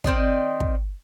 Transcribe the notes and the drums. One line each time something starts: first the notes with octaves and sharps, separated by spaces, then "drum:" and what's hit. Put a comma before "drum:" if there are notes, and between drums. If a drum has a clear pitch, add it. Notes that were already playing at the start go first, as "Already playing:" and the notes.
D#3 C4 D5 D#5, drum: kick
drum: kick